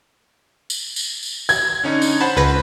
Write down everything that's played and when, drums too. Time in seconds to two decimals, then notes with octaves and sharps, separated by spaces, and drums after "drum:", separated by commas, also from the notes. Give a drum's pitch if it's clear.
0.70 drum: tambourine
0.96 drum: tambourine
1.23 drum: tambourine
1.49 G#6, drum: tambourine
1.83 D3 C#4 D#4
2.02 drum: tambourine
2.21 C5 F#5 A5 B5
2.36 C#2 B4 A#6